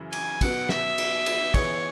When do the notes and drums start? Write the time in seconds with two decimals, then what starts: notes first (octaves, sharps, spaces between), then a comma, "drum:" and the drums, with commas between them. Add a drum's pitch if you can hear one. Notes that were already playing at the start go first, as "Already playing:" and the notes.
Already playing: F#2 C#3 E3
0.13 G#5, drum: cymbal
0.41 B2 F#3 B3 F#5, drum: kick, cymbal
0.69 E5, drum: snare
0.98 drum: cymbal
1.26 drum: cymbal
1.54 E3 B3 G#4 C#5, drum: kick, cymbal